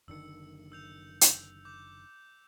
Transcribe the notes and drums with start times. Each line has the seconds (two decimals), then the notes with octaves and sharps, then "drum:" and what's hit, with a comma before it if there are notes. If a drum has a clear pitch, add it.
0.08 F#1 D3 D#3 E6 C#7
0.72 E6 G6 F7
1.21 drum: hi-hat
1.65 D6 G6